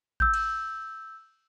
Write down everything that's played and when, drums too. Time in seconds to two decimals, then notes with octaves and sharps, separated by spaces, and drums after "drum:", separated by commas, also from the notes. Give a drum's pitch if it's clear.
0.20 E6 G6, drum: kick A1
0.34 drum: cymbal